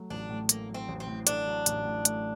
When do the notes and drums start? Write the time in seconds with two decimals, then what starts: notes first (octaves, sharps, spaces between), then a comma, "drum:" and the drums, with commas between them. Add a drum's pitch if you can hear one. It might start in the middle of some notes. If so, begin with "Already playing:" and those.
Already playing: F#3 A3
0.10 A1 D4
0.30 A2
0.49 A3 A#3, drum: hi-hat
0.69 F#3
0.74 C4
0.88 A1
1.00 C4
1.07 A2
1.27 A3 D4, drum: hi-hat
1.47 F#3
1.66 A1, drum: hi-hat
1.85 A2
2.05 A3, drum: hi-hat